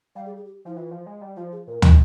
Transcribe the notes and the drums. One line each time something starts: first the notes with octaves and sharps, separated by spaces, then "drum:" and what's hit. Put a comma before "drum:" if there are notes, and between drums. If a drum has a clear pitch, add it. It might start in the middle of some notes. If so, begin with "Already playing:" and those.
G3 F5
G#4
G#4
G4
F3 E4
E3 F4
F3
G#3
G3
F3 F4
G#4
A#2 A#4
A#2, drum: tom